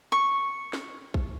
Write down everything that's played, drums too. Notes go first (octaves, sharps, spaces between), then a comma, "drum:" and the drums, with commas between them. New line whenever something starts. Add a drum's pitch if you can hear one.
C#6
drum: snare
drum: kick A#1